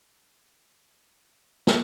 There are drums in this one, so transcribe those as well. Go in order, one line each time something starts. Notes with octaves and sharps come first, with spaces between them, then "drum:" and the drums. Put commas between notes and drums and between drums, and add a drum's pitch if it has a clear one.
F#6
G3 C4
drum: snare